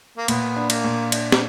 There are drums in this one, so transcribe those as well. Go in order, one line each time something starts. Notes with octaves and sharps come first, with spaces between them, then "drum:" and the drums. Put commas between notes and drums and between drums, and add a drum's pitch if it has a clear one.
A#3
A#2 B3, drum: cymbal
D4
A#3, drum: cymbal
A#2
D4, drum: cymbal
G3, drum: snare